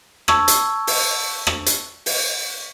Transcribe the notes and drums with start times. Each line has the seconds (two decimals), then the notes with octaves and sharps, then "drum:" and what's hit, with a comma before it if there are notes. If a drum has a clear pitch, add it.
0.28 A5 C#6 E6 G#6, drum: rim click
0.48 drum: hi-hat
0.87 drum: open hi-hat
1.47 drum: rim click
1.66 drum: hi-hat
2.06 drum: open hi-hat